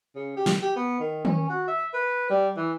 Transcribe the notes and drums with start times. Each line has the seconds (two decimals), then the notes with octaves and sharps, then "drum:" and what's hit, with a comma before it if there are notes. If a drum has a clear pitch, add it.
0.15 C#3
0.37 G4
0.46 drum: snare
0.62 G4
0.76 B3
1.00 D#3
1.25 C#4, drum: tom D#3
1.50 F#4
1.68 E5
1.94 B4
2.30 G3
2.57 E3